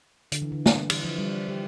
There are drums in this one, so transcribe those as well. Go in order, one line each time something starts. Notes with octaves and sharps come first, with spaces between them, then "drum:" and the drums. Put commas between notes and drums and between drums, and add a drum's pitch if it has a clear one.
D3, drum: hi-hat
E3
D3
drum: snare
E3, drum: cymbal
F3
G3
G4